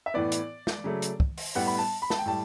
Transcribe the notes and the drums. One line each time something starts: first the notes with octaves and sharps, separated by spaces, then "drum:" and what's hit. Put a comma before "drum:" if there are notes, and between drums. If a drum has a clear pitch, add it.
E5
A2 E3 B3 D5
drum: hi-hat
drum: snare
C#3 F#3 A3
drum: hi-hat
drum: kick
drum: open hi-hat
A2 G3 B3 F#5
B5
A5
B5
A5, drum: snare
G5
A2 G3 A5